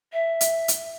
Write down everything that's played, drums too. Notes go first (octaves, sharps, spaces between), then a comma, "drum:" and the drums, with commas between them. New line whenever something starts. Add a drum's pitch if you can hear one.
E5
drum: hi-hat
drum: hi-hat